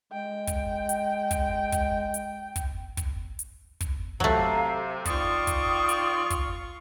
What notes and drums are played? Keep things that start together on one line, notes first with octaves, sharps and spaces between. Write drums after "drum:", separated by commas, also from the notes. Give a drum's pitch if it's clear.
G#3 G5
drum: kick, hi-hat
drum: hi-hat
drum: kick, hi-hat
drum: kick, hi-hat
drum: hi-hat
drum: kick, hi-hat
drum: kick, hi-hat
drum: hi-hat
drum: kick, hi-hat
C3 F#3 A3 F5 A#5, drum: kick
D#3 F4 C5 D5 C#6 D#6, drum: kick, hi-hat
drum: kick, hi-hat
drum: hi-hat
drum: kick, hi-hat